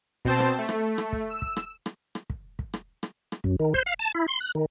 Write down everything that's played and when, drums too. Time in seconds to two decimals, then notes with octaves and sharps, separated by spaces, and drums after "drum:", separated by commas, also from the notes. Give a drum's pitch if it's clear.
0.25 B2 C4 C5 A5, drum: kick
0.39 drum: rim click
0.58 A3
0.69 drum: rim click
0.98 drum: rim click
1.13 drum: kick
1.30 E6
1.42 drum: kick
1.56 drum: rim click
1.86 drum: rim click
2.15 drum: rim click
2.30 drum: kick
2.59 drum: kick
2.73 drum: rim click
3.03 drum: rim click
3.32 drum: rim click
3.44 F#2, drum: kick
3.59 D#3
3.74 C5, drum: kick
3.86 F5
3.99 A5
4.15 E4
4.28 C6
4.40 F#6
4.55 D#3